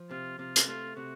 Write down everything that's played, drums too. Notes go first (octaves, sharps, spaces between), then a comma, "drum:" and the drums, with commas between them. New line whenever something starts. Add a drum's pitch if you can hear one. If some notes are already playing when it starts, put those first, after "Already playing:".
Already playing: F3
C3 F4
C3 F4
drum: hi-hat
A3 F4
C3 F#4